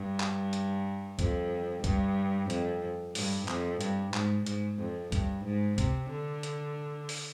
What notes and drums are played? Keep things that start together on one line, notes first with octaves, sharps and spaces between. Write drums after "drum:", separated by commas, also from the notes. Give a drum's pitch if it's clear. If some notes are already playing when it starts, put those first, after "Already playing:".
Already playing: G2
drum: clap
drum: hi-hat
F2, drum: kick, hi-hat
G2, drum: kick, hi-hat
F2, drum: hi-hat
G2, drum: open hi-hat
F2, drum: clap
G2, drum: hi-hat
G#2, drum: clap
G#2, drum: hi-hat
F2
G2, drum: kick, hi-hat
G#2
C3, drum: kick, hi-hat
D3
drum: hi-hat
drum: open hi-hat